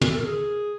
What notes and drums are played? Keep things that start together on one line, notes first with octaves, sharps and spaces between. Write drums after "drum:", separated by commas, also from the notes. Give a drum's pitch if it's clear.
F#4, drum: tom
A4
A#4
G#4